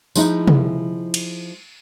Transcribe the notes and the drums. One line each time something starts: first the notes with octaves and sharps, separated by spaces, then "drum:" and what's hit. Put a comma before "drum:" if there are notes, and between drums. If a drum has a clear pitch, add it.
F3 G#3 D#4 E4, drum: tambourine
drum: tom C3
drum: cymbal